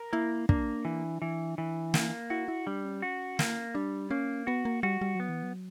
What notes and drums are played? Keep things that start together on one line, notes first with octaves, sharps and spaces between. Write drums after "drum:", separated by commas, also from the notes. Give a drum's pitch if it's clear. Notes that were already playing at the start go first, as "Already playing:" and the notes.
Already playing: A#4
A#3 E4
A#3 D4, drum: kick
E3
E3
E3
A#3, drum: snare
E4 F#4
E4
G3 D4
C#4
F#4
A#3, drum: snare
G3 D4
A#3 C#4
B3 F#4
A#3
G3 F#4
G3
F#3 B3
E3
F#3